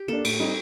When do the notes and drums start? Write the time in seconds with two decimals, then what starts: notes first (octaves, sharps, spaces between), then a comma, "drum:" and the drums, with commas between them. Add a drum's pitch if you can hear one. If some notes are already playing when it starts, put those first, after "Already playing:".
Already playing: G4
0.08 A#3 D4 A4
0.24 A2, drum: cymbal
0.39 G3 C4 D#4